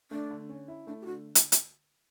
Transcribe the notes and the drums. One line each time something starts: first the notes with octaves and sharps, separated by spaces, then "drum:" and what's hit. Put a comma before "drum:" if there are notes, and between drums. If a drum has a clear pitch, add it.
A3 D4
D3
C#4
E4
A3 D4
G4
D3 F#4
drum: hi-hat
drum: hi-hat